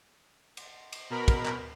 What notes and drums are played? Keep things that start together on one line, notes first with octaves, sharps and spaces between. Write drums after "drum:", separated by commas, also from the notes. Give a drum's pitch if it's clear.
drum: cymbal
drum: cymbal
B2 A#4 B5
drum: kick, cymbal
drum: clap